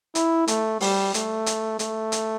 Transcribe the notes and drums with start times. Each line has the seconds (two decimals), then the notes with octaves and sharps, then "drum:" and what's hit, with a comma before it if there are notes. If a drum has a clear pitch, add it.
0.15 E4, drum: hi-hat
0.48 A3, drum: hi-hat
0.81 G3, drum: open hi-hat
1.14 A3, drum: hi-hat
1.46 drum: hi-hat
1.79 A3, drum: hi-hat
2.12 drum: hi-hat